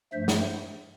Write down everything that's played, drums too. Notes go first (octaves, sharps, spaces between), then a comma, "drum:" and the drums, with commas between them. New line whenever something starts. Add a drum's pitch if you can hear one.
G2 F3 A3 C5 E5
drum: snare